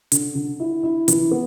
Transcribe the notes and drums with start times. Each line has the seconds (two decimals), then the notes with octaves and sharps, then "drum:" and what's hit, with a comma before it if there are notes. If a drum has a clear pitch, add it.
0.12 D3, drum: hi-hat
0.35 D3
0.60 E4
0.83 E4
1.08 E3, drum: hi-hat
1.31 B3